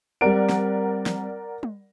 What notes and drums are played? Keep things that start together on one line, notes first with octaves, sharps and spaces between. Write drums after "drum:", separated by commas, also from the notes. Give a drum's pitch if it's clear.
G3 C4 A#4 D5 F#5 D7
drum: snare
drum: snare
drum: tom G3